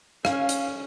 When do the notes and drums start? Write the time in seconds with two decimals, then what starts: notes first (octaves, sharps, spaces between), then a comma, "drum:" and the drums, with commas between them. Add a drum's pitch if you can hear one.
0.25 C#4 F5, drum: rim click
0.49 drum: hi-hat